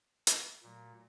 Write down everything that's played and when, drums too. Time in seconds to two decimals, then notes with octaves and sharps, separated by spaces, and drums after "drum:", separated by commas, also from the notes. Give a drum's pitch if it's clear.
0.27 drum: hi-hat
0.63 A#2 F#3 A3